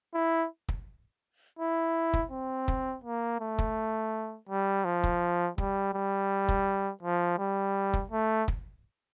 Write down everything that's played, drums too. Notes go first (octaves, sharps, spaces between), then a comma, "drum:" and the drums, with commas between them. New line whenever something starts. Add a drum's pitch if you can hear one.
E4
drum: kick
E4
drum: kick
C4
drum: kick
A#3
A3
drum: kick
G3
F3
drum: kick
G3, drum: kick
G3
drum: kick
F3
G3
drum: kick
A3
drum: kick